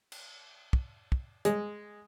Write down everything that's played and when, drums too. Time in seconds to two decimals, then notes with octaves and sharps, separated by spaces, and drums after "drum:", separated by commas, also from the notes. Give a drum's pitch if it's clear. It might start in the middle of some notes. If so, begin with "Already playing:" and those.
0.12 drum: cymbal
0.73 drum: kick
1.12 drum: kick
1.45 G#3, drum: hi-hat